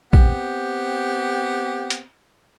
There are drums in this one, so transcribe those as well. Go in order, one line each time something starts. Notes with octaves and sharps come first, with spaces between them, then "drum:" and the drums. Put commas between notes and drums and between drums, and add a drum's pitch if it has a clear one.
B3 C4 G4 G5, drum: kick A#1
drum: hi-hat